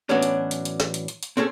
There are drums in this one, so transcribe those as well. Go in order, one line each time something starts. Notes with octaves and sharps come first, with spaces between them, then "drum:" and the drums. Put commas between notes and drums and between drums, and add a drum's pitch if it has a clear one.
A2 E3 F#3 B3 C#4 D4
drum: hi-hat
drum: hi-hat
drum: hi-hat
drum: snare
drum: hi-hat
drum: hi-hat
drum: hi-hat
C4 C#4 G#4 A4